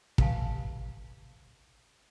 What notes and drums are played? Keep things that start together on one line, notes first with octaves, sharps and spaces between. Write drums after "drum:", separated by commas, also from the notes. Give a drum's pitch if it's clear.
G4 A4 B4 F5 G#5 A5, drum: kick